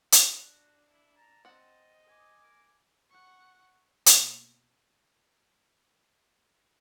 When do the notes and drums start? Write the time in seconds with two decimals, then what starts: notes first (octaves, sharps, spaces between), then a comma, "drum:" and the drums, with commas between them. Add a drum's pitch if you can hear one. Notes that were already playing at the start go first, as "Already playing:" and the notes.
0.12 drum: hi-hat
0.29 D4 F#4
0.87 E4
1.16 A5 A#5
1.45 C4 D#5 F#5
2.06 G#5 D6
2.42 A#4
3.10 F#5 C#6
4.06 B2 A#3, drum: hi-hat